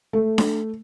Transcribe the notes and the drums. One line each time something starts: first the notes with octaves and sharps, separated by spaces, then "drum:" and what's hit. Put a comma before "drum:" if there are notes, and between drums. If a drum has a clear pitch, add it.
A3
drum: snare D4